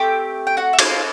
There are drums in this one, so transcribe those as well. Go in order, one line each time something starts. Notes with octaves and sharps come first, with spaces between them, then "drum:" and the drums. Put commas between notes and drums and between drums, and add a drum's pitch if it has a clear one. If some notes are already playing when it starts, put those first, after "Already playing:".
Already playing: A3 C4 G4 G5
G5
F#4 F#5
E5
F4 F5, drum: cymbal